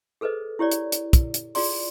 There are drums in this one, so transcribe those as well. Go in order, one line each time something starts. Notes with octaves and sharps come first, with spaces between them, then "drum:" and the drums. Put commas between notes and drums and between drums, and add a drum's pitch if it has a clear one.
G#4 A4 B4 C5 D#5
E4 G4 C#5 D5
drum: hi-hat
drum: hi-hat
drum: kick, hi-hat
drum: hi-hat
F4 G#4 D5 C6, drum: open hi-hat